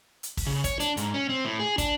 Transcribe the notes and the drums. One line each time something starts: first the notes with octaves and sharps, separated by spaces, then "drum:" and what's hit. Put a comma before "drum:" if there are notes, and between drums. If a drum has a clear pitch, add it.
drum: hi-hat
drum: kick, open hi-hat
C#3
C#5, drum: kick, hi-hat
D4, drum: hi-hat
G#2, drum: hi-hat
C#4
C4
A2
G#4
D4, drum: kick, hi-hat